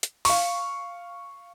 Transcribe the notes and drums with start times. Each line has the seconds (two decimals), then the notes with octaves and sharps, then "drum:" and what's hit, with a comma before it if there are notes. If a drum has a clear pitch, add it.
0.03 drum: hi-hat
0.25 F5 C#6, drum: open hi-hat